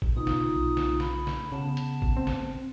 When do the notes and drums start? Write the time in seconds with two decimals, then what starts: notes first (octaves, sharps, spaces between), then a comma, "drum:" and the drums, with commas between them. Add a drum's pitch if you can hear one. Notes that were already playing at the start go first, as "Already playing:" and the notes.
0.02 drum: kick G1
0.17 B2 D#4 F4 D#6
0.27 drum: snare
0.56 B1
0.77 drum: snare
1.00 B5, drum: snare
1.27 drum: snare
1.52 C#3 B3 A5
1.77 drum: hi-hat
2.02 drum: kick G1
2.17 C4
2.27 drum: snare